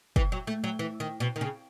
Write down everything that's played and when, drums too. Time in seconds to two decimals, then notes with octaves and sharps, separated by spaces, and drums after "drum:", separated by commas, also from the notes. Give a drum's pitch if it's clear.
0.16 E3, drum: kick
0.32 F#3
0.47 A3
0.64 F#3
0.79 E3
1.00 D#3
1.20 B2
1.36 D#3
1.41 C#3